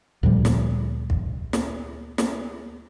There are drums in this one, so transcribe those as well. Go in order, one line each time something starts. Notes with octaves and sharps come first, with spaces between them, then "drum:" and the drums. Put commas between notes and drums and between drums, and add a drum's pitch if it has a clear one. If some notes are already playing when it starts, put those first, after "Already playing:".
D2 A#2 F3 G3
drum: snare
drum: kick
drum: snare
drum: snare